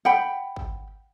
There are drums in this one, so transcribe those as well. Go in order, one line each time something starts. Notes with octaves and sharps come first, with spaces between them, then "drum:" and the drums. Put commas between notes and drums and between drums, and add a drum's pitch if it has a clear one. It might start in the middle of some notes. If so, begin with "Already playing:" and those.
F#5 G5 B5
drum: kick